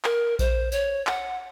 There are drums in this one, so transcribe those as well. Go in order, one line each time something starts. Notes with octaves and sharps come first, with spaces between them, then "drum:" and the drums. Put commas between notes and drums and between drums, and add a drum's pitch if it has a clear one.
A#4, drum: clap
C5, drum: kick A#1, tambourine
C#5, drum: tambourine
F#5, drum: clap